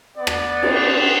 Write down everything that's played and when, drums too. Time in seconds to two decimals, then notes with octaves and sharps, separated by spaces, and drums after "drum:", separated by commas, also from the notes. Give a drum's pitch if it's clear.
0.17 B3 D5
0.27 drum: rim click
0.62 drum: cymbal